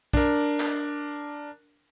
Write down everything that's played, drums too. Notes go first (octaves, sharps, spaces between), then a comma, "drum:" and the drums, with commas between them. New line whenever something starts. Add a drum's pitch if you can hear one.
D4 A#4, drum: kick
drum: clap